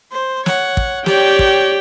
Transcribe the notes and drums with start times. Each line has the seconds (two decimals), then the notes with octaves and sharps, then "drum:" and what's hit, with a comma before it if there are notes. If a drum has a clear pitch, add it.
0.12 C5
0.46 C#5 F#5, drum: snare
0.77 drum: kick
1.06 G4 C#5 D5 G5, drum: snare
1.39 drum: kick